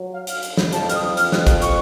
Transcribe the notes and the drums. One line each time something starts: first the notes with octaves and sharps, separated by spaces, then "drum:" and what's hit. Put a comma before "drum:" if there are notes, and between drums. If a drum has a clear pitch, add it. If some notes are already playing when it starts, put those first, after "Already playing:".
Already playing: F#3
F5
F5, drum: hi-hat
drum: hi-hat
drum: snare
F2 A5, drum: hi-hat
F6, drum: hi-hat
D#6
F6, drum: hi-hat
F#6, drum: snare
drum: kick, hi-hat
C#6, drum: hi-hat